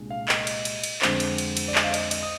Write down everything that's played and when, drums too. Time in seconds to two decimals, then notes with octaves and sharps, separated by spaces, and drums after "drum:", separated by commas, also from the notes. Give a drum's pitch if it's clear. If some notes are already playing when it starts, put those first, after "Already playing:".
Already playing: C2 A#2 G#3 D4
0.10 F5
0.28 D#5, drum: clap
0.47 drum: cymbal
0.65 drum: cymbal
0.84 drum: cymbal
1.02 F2 D3 G#3 C4, drum: clap
1.20 drum: cymbal
1.38 drum: cymbal
1.57 drum: cymbal
1.68 D5
1.75 D#5, drum: clap
1.84 F5
1.94 D#5, drum: cymbal
2.11 D#5, drum: cymbal
2.23 D#6